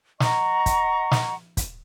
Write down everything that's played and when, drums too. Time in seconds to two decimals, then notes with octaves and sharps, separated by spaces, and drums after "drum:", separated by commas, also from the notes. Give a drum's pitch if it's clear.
0.20 D#5 F#5 A#5 C#6, drum: snare
0.66 drum: kick, hi-hat
1.11 drum: snare
1.57 drum: kick, hi-hat